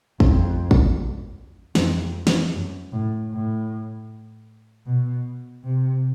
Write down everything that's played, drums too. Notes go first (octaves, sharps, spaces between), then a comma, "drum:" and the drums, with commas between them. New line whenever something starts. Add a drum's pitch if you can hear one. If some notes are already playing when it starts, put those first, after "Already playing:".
F2, drum: kick
drum: kick
F2, drum: snare
drum: snare
F#2
A2
A2
B2
C3